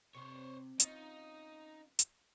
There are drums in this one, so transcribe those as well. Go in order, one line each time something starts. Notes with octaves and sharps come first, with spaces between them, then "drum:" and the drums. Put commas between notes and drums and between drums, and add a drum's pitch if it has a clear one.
C3 C5 C#5
C#4 D#4 F4 D#5, drum: hi-hat
drum: hi-hat